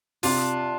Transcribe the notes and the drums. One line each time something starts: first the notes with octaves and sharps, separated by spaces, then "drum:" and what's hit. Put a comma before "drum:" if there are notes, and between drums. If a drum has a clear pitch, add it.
C3 D4 F4, drum: open hi-hat